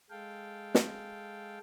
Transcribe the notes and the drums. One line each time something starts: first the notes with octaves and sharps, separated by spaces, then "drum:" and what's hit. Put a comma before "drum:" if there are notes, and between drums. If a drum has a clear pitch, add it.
G#3 A4 F5 G5
drum: snare